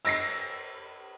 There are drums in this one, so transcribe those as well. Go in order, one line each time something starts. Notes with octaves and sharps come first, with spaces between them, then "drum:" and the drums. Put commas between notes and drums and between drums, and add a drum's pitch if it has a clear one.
E6 A#6 C7, drum: cymbal